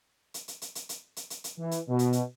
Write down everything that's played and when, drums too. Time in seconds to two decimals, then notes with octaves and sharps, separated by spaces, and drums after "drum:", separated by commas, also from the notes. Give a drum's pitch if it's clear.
0.34 drum: hi-hat
0.48 drum: hi-hat
0.62 drum: hi-hat
0.75 drum: hi-hat
0.89 drum: hi-hat
1.16 drum: hi-hat
1.30 drum: hi-hat
1.44 drum: hi-hat
1.58 E3
1.71 drum: hi-hat
1.88 B2
1.99 drum: hi-hat
2.13 drum: hi-hat